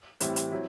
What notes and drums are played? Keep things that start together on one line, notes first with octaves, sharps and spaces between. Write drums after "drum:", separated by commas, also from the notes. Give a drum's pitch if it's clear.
A2 E3 G3 C4 E4, drum: hi-hat
drum: hi-hat
F#3 C4 E4